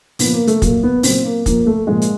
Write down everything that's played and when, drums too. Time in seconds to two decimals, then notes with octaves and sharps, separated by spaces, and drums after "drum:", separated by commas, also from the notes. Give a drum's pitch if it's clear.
0.19 A#2 F3 B3, drum: open hi-hat
0.33 A#3
0.47 A3, drum: hi-hat
0.62 A#2 F#3 A#3, drum: kick, hi-hat
0.83 B3
1.03 A#2 F#3 C4, drum: open hi-hat
1.25 A#3
1.46 A#2 F3 A#3, drum: kick, hi-hat
1.66 A3
1.87 A#2 F3 G#3
2.02 drum: hi-hat